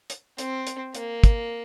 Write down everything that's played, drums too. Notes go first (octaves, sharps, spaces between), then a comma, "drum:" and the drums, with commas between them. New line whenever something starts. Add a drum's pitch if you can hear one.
drum: hi-hat
C4, drum: hi-hat
drum: hi-hat
A#3, drum: hi-hat
drum: kick, hi-hat